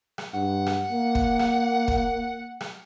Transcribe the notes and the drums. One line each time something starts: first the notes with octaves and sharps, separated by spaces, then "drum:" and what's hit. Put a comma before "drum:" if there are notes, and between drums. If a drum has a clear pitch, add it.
drum: rim click
G2 F#5
drum: rim click
A#3
drum: kick
drum: rim click
drum: kick
drum: rim click